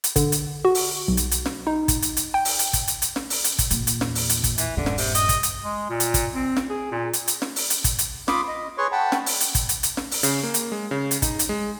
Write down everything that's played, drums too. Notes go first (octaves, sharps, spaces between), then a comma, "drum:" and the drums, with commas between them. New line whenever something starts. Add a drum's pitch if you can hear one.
drum: hi-hat
D3, drum: kick, hi-hat
drum: hi-hat
F#4
drum: open hi-hat
B1
drum: hi-hat
drum: hi-hat
drum: snare
D#4
drum: kick, hi-hat
drum: hi-hat
drum: hi-hat
G5
drum: open hi-hat
drum: hi-hat
drum: kick, hi-hat
drum: hi-hat
drum: hi-hat
drum: snare
drum: open hi-hat
drum: hi-hat
drum: kick, hi-hat
E2 A#2, drum: hi-hat
drum: hi-hat
drum: snare
drum: open hi-hat
drum: hi-hat
drum: kick, hi-hat
E3, drum: hi-hat
D#1 G2 D3
drum: snare
C3, drum: open hi-hat
D#5, drum: hi-hat
drum: kick, hi-hat
drum: hi-hat
G#3
A#2
drum: hi-hat
drum: kick, hi-hat
C4
drum: snare
G#4
A#2
drum: hi-hat
drum: hi-hat
drum: snare
drum: open hi-hat
drum: hi-hat
drum: kick, hi-hat
drum: hi-hat
F4 B5 C6 D6 D#6, drum: snare
D#5
G#4 B4 C#5 C6 C#6
F#5 G5 A5 B5
drum: snare
drum: open hi-hat
drum: hi-hat
drum: kick, hi-hat
drum: hi-hat
drum: hi-hat
drum: snare
drum: open hi-hat
C#3, drum: hi-hat
A#3
drum: hi-hat
G#3
C#3
drum: hi-hat
D#4, drum: kick, hi-hat
drum: hi-hat
G#3